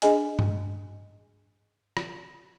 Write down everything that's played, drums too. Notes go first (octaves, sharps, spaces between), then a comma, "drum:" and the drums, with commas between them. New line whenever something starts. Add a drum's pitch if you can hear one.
D4 G#4 D#5 G#5, drum: hi-hat
drum: tom G2
drum: rim click